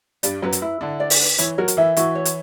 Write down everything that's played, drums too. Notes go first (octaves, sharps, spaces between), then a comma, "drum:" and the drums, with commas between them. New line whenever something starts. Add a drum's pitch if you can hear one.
G2 G3 D5, drum: hi-hat
F#2 F#3 B4
drum: hi-hat
E4
D3 D4 E4
D5
drum: open hi-hat
B4
E3 E4 C#5, drum: hi-hat
F#3 F#4 A#4
drum: hi-hat
E3 E4 E5
E3 E4 F#4, drum: hi-hat
C#5
drum: hi-hat